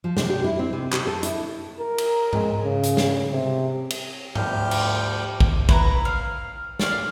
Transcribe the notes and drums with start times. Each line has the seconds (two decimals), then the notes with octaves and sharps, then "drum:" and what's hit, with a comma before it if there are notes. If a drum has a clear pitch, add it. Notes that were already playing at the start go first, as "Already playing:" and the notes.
0.04 F3
0.17 C3, drum: snare
0.30 G4
0.44 E4
0.59 C4
0.73 C3
0.93 G4, drum: clap
1.07 A4
1.23 E4, drum: hi-hat
1.79 A#4
1.98 drum: cymbal
2.33 G#3, drum: tom G#2
2.64 C#3
2.83 drum: hi-hat
2.97 drum: snare
3.32 C3
3.90 drum: cymbal
4.35 D2 F3 G3 G4 F6 G6, drum: tom G#2
4.71 drum: cymbal
5.40 drum: kick
5.69 E4 B4 A#5, drum: kick
6.05 F5
6.79 D5 F5, drum: snare